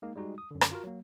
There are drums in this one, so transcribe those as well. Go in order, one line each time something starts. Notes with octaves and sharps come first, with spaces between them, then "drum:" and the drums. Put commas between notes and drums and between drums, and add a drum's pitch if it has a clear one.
G#3 A#3 D#4
G3 G#3 D#4 F#4
D#6
F#2 D3
drum: rim click
F4 F#4 A#4
F#3 A#3